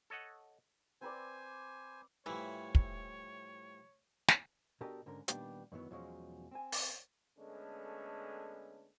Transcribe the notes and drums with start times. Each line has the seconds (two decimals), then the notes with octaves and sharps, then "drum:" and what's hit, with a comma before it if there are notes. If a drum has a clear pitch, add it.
0.10 A4 C#5 D#5 F#5
1.01 C4 B4 C5 D5 G#5
2.26 A2 E3 F3 G3 E4 C#5
2.75 drum: kick
4.28 drum: snare
4.81 B2 D4 G4 A4 A#4 D#5
5.06 G#2 D3 C#4 A#4
5.28 A#2 D#3 G3 B3 D4 G4, drum: hi-hat
5.72 F#2 D#3 E3 F#3 B3
5.91 E2 B2 F3 F#3 G#3 C#4
6.51 C4 G#5
6.72 drum: open hi-hat
7.38 D3 G#3 A3 B3 C#4